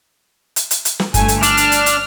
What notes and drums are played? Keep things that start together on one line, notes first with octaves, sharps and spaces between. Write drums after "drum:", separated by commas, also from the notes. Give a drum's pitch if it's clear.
drum: hi-hat
drum: hi-hat
drum: hi-hat
drum: snare
G1 A3 G#5, drum: kick F#1, hi-hat
drum: hi-hat
D4 F6, drum: hi-hat
drum: hi-hat
drum: hi-hat
drum: hi-hat